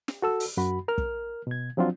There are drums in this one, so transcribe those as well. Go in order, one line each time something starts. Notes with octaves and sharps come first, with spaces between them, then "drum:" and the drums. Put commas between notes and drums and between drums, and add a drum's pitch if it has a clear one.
drum: snare
F#4 A4 E6
drum: open hi-hat
F#2 F#4 B5
A#4 F6
drum: kick
B2 G#6
F3 F#3 C4 D4 F4